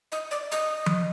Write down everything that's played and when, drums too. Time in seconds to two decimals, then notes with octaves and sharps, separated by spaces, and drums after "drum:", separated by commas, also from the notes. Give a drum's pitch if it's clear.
0.12 D#5
0.31 D5
0.52 D#5
0.86 drum: tom F3